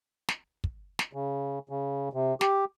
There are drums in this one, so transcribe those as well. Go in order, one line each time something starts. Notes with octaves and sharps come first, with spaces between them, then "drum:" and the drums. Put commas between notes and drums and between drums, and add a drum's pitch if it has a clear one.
drum: snare
drum: kick
drum: snare
C#3
C#3
C3
G4, drum: snare